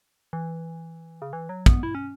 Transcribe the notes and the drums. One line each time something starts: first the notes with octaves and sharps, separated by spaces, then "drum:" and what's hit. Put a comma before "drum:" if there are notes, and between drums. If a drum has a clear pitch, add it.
E3
C#3
E3
F#3
B3, drum: kick
E4
C#4